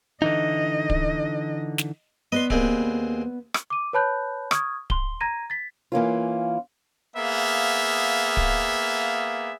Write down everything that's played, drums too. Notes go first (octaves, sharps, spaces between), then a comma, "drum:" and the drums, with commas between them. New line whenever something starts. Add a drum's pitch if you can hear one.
D3 E3 D#4 D#5
drum: kick D1
drum: snare
B3 B4 D5 D#5 C6
D#2 G#3 C4, drum: kick D1
drum: rim click
D6 D#7
B4 C#5 A5 B5 F#6 G6
C#6 D#6 F6 G#6, drum: rim click
C6 G7, drum: kick D1
A#5 G#6 A#6 D#7
A6 B6
E3 A#3 C#4 F4
A#3 B3 G#4 E5 F5
drum: kick D1